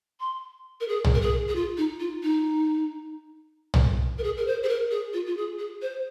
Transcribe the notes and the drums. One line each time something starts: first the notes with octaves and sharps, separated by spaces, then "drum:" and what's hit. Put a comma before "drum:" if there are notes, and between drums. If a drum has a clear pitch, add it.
C6
A#4
G#4
drum: tom
A#4
G#4
G#4
F4
D#4
F4
D#4
drum: tom
A#4
G#4
A#4
C5
G#4
A#4
G#4
F4
F4
G#4
G#4
C5